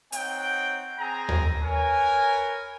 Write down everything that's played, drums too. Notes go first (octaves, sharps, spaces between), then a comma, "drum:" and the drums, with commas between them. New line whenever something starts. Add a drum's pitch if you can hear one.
C4 D#4 C#5 F#5 G5, drum: hi-hat
C4 G#4 G#5 A#5
drum: tom D#2
A#4 B4 C#5 G#5